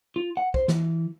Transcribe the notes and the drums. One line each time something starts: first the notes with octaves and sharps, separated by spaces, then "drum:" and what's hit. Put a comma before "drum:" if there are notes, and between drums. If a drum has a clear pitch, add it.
F4
F#5
C5, drum: kick
E3, drum: snare